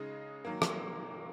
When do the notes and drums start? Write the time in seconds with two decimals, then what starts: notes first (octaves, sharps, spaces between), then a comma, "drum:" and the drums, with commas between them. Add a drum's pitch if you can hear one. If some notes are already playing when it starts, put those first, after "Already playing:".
Already playing: C#3 G#3 D#4 G#4 D#5
0.45 D#3 F#3 A#3
0.62 drum: rim click